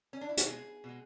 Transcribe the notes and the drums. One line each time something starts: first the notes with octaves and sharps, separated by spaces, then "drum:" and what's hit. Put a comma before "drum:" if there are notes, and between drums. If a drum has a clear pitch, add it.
C#4
D4
E4
F#4, drum: hi-hat
B2 G#3 G#4
B2 G#3